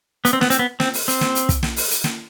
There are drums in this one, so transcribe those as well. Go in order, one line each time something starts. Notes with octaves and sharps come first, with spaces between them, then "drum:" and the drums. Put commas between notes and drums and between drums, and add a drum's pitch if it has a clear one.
B3, drum: hi-hat
C4
B3, drum: snare
C4, drum: hi-hat
B3
C4, drum: snare
drum: open hi-hat
C4, drum: hi-hat
drum: snare
drum: hi-hat
drum: kick, hi-hat
drum: snare
drum: open hi-hat
drum: hi-hat
drum: snare